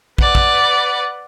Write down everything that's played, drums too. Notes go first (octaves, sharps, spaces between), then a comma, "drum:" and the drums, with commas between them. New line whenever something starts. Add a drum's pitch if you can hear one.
B4 D5 F#5, drum: kick
drum: kick